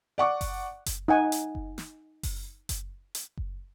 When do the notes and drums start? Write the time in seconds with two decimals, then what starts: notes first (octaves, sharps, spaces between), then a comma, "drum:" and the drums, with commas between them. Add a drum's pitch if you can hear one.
0.18 D5 F#5 C#6 D6
0.41 drum: kick F#1, open hi-hat
0.86 drum: kick F#1, hi-hat
1.08 D#4 F#5 G#5
1.32 drum: hi-hat
1.55 drum: kick F#1
1.78 drum: snare
2.23 drum: kick F#1, open hi-hat
2.69 drum: kick F#1, hi-hat
3.15 drum: hi-hat
3.37 drum: kick F#1